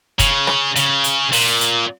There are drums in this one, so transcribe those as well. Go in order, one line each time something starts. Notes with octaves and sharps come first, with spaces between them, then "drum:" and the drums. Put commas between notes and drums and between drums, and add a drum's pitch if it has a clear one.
C#3, drum: kick F#1, hi-hat
drum: rim click
C#3, drum: hi-hat
drum: hi-hat
A#2, drum: open hi-hat
drum: hi-hat